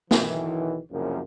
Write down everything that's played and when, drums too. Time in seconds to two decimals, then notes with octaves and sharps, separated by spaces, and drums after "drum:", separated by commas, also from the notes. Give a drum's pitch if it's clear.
0.11 B1 D#3 E3, drum: snare
0.92 C2 F#2 C#3 F3 A#3